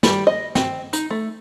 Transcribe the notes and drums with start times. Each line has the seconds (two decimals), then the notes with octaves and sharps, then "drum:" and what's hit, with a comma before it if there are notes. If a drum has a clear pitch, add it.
0.03 G3, drum: snare
0.27 D#5
0.55 C4, drum: snare
0.93 D#4, drum: hi-hat
1.10 A3